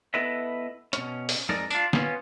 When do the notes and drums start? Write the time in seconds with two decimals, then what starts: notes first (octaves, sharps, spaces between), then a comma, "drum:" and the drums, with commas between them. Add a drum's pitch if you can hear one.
0.14 B3 E4 A4 B4 D#5 E5
0.93 B2 C#4, drum: hi-hat
1.29 drum: open hi-hat
1.49 F2 G#3 D#4 G#4 A#4 D5
1.70 D4 F4, drum: tambourine
1.93 B3 C#4 F4, drum: snare